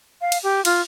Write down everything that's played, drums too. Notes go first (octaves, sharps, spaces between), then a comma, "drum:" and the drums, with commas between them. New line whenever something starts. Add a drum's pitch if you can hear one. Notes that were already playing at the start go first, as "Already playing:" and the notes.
F5
drum: cymbal
G4
F4, drum: cymbal